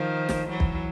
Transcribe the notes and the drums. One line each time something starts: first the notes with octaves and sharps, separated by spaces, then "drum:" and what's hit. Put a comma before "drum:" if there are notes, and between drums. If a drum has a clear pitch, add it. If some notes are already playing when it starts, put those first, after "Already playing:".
Already playing: D#3 F3
drum: snare
E3 F#3
drum: kick B1